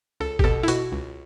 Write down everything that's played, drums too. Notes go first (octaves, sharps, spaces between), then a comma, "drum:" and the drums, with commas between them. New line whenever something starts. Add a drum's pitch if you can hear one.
C#2 A4
G4, drum: kick G#1
B2 A4
E4
B2 F#4, drum: hi-hat
C#2